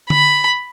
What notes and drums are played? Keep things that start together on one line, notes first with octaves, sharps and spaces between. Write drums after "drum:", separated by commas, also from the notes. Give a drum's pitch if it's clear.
B5, drum: tom D3